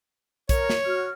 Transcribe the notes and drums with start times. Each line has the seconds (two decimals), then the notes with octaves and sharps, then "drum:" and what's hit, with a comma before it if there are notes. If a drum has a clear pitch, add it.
0.49 A#4 C#5, drum: kick B1, hi-hat
0.70 drum: snare
0.84 F#4 F6